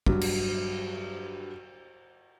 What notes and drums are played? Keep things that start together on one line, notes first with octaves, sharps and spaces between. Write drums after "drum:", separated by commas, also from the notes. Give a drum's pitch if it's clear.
G2 F#3, drum: kick
drum: cymbal